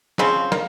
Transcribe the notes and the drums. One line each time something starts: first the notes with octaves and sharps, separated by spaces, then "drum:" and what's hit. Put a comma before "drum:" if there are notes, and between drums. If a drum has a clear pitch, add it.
C#3 F3 C4 G#4, drum: snare
A#3, drum: snare